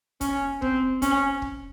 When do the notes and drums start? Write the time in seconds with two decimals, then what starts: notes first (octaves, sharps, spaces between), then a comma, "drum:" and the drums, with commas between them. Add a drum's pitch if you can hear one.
0.21 C#4, drum: kick, hi-hat
0.62 C4, drum: kick
1.02 C#4, drum: kick, hi-hat
1.42 drum: kick